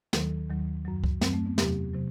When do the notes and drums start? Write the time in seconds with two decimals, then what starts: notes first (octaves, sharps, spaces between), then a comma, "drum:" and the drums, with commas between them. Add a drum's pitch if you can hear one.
0.13 D#2 D#3 F#3 A4, drum: snare
0.49 D#2 D#3 F#3
0.85 F#2 F#3
1.04 drum: kick C#2
1.21 F#2 F#3 C4, drum: snare
1.34 A3
1.46 B3
1.58 E2 C3 F#3 G4, drum: snare
1.94 C3 F#3